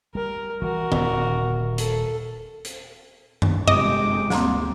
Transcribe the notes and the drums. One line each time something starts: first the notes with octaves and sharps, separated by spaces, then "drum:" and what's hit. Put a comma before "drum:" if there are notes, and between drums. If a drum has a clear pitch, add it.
G3 A#4
E3 G3 F#4 A#4
D#1, drum: tom
A4, drum: hi-hat
drum: hi-hat
drum: tom F#2
G1 C3 G#3 D#5 D6, drum: tom
D2 A#3 C4, drum: snare